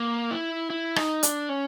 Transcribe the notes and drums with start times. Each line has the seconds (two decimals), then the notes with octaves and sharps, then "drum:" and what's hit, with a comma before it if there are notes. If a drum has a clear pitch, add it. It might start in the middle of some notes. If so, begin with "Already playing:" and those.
Already playing: A#3
0.31 E4
0.70 E4
0.96 D#4, drum: rim click
1.23 D4, drum: hi-hat
1.49 C#4